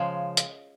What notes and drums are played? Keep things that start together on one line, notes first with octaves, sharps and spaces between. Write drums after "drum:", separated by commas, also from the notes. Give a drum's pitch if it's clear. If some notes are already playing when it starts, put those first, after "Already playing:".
Already playing: C#3 F3 G#3
drum: hi-hat